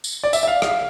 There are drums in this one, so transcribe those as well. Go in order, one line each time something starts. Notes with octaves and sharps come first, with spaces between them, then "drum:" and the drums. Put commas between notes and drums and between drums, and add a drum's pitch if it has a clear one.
drum: tambourine
D5
E5, drum: tambourine
E5
F5
F5, drum: rim click